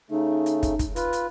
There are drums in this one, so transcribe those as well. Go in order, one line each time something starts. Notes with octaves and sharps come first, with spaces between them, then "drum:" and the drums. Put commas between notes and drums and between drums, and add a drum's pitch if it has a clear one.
C#3 A3 D#4
drum: hi-hat
drum: kick, hi-hat
drum: kick, hi-hat
F4 B4, drum: hi-hat
drum: hi-hat